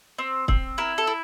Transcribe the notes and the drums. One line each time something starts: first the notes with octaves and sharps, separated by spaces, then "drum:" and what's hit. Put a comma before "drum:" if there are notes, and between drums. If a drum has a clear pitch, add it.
C4
C4, drum: kick
E4 A#4
A4
E4